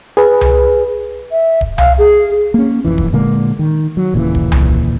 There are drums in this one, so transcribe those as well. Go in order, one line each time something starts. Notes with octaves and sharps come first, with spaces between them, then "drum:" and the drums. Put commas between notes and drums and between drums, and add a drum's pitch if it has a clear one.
G#4 B4
drum: tom C2
E5
drum: kick D1
F5, drum: tom C2
G#4
A#3 C#4
E1 B1 F2 E3
drum: kick D1
A#2 D3 G#3 A#3
D#3
F#3
D#1 A#2 C#3 E3
drum: kick D1
drum: tom C2